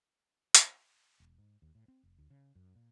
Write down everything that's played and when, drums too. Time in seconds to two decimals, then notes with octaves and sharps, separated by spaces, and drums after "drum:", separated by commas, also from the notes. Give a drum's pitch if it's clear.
0.55 drum: hi-hat
1.20 E1
1.38 G#2
1.62 D#2
1.75 A2
1.88 C4
2.03 F1
2.18 D2
2.30 C#3
2.55 F#2
2.75 A#2